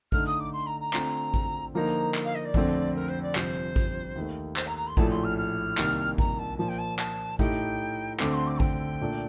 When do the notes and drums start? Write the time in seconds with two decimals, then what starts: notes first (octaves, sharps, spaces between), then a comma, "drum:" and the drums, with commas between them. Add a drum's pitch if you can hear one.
0.12 D3 A3 D#4 F6, drum: kick A1
0.26 D#6
0.40 D6
0.53 C6
0.66 A#5
0.80 A#5
0.93 D3 A3 C4 F4, drum: clap
1.34 drum: kick A1
1.74 D3 F3 A#3 D#4 A#4 A#5
2.14 drum: clap
2.25 F5
2.35 D#5
2.45 D5
2.54 F2 D3 A3 C4, drum: kick A1
2.95 A#4
3.09 C5
3.22 D5
3.35 G1 F2 C3 F3 C5, drum: clap
3.76 drum: kick A1
4.16 D#2 D#3 A3
4.56 C5, drum: clap
4.67 A#5
4.77 A#5
4.87 C6
4.97 A#1 A2 A3 A5, drum: kick A1
5.10 C6
5.24 F6
5.38 F6
5.77 C2 C3 D#3 A#3, drum: clap
6.18 A#5, drum: kick A1
6.38 A5
6.58 A#2 F3 A#3 A5
6.69 G5
6.79 A5
6.99 A5, drum: clap
7.39 A2 A3 D#4 G4 G5, drum: kick A1
8.20 D2 D3 A3 C4 D6, drum: clap
8.34 C6
8.47 D6
8.60 G5, drum: kick A1
9.01 A#2 A3 D4